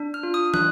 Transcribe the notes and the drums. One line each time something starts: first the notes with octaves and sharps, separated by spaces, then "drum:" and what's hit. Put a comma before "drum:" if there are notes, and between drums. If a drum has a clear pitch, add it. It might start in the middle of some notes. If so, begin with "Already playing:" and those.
Already playing: D4
F6
F4
D#6
D4 F#6, drum: tom